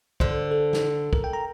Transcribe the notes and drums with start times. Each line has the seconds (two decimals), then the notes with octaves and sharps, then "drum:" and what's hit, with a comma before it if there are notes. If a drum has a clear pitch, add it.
0.20 D3 C5, drum: kick
0.51 A4
0.73 drum: snare
1.13 A#4, drum: kick
1.24 G5
1.33 A#5